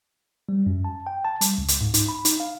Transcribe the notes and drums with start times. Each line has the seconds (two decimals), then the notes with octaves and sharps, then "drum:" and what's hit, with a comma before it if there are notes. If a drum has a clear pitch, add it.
0.49 G3
0.66 F#2
0.84 A5
1.07 G5
1.25 A5
1.41 G3, drum: hi-hat
1.58 C#2
1.68 drum: hi-hat
1.81 G#2
1.94 D#4, drum: hi-hat
2.09 B5
2.25 D#4, drum: hi-hat
2.40 F5